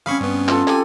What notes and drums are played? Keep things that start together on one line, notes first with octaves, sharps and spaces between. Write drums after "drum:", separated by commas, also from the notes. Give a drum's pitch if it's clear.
G3 C4 C#4 F5 B5 C#6 D#6
G2 B3
F4 A4, drum: clap
G4 A4 G#5, drum: clap